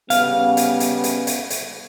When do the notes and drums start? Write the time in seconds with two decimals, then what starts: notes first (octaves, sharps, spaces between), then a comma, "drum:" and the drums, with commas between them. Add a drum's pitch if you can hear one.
0.10 C#3 G3 B3 F5, drum: hi-hat
0.57 drum: hi-hat
0.80 drum: hi-hat
1.04 drum: hi-hat
1.27 drum: hi-hat
1.50 drum: hi-hat